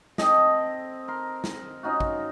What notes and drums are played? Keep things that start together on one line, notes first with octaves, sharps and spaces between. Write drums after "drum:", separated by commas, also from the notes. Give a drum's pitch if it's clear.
C4 A4 D#5, drum: snare
A#4 C6
drum: snare
C#4 D#4 F4 F#4
drum: kick